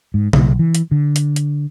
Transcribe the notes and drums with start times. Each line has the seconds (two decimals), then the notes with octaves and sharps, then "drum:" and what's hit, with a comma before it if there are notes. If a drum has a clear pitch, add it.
0.14 G#2
0.33 B1, drum: tom C#3
0.59 E3
0.75 drum: hi-hat
0.91 D3
1.16 drum: hi-hat
1.36 drum: hi-hat